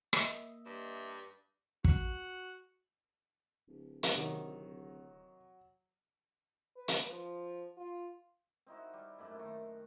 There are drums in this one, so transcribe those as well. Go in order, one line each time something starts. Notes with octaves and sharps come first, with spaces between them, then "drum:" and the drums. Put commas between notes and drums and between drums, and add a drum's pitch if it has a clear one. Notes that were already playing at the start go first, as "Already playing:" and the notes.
A#3 D#5 E5, drum: rim click
G2
F#4, drum: kick
D1
drum: hi-hat
C3 D#3 F#3
B4
drum: hi-hat
F3
F4
C4 D#4 E4 F#4
G3
F#2 A2 A#3 E4
D#3 A3